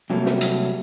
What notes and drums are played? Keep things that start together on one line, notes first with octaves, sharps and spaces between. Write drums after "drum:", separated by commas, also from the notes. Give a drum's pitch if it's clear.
C3 F#3 G3 A3 A#3
drum: snare
drum: hi-hat